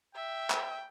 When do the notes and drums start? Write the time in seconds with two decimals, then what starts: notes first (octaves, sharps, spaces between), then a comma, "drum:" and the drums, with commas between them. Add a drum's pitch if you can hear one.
0.15 E5 G5
0.50 drum: clap